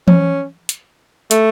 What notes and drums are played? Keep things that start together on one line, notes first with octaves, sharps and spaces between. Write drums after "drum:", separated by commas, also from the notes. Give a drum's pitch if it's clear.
C#4, drum: tom E3
drum: hi-hat
A3, drum: hi-hat